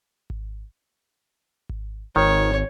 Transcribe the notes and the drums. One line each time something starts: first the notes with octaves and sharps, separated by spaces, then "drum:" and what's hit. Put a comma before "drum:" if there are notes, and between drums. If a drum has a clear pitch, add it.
drum: kick G#1
drum: kick G#1
G#1 D#3 C#5